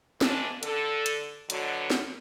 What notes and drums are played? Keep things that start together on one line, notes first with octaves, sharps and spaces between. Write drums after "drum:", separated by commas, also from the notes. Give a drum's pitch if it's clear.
G#2 E3 F3 D4, drum: snare
D3 A4, drum: hi-hat
drum: hi-hat
B2 D3 F#3, drum: hi-hat
drum: snare